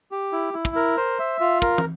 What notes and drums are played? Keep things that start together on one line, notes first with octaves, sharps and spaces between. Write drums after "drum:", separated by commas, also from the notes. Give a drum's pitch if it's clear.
G4
E4
E4
drum: kick
A#4
C5
E5
F4
A#4, drum: kick
drum: tom